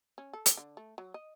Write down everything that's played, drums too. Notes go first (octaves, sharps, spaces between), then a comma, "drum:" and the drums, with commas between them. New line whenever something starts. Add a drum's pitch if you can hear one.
C#4
A4
drum: hi-hat
D3
A3
F#3
D#5